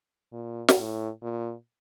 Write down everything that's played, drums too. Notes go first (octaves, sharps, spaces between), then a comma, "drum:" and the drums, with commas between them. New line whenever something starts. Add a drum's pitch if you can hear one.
A#2
drum: snare
A2
A#2